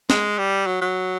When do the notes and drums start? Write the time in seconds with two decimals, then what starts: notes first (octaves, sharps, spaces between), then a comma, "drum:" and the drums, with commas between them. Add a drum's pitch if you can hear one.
0.10 G#3, drum: snare
0.38 G3
0.66 F#3
0.81 F#3